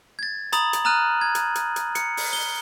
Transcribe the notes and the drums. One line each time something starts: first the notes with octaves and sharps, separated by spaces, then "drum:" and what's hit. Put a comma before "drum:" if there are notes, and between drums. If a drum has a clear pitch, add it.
G#6 A6
A#5 B5 D#6 A6 F#7, drum: hi-hat
drum: hi-hat
A#5 D#6 F6 F#6 D#7
G#6
drum: hi-hat
drum: hi-hat
drum: hi-hat
C#7, drum: hi-hat
drum: open hi-hat
G7